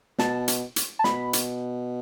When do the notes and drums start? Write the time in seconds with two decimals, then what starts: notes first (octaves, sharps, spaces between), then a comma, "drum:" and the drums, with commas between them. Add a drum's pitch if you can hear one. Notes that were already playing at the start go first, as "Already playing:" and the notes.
0.19 B2 A5, drum: snare
0.48 drum: hi-hat
0.76 drum: hi-hat
0.99 A5
1.04 B2 B5, drum: snare
1.33 drum: hi-hat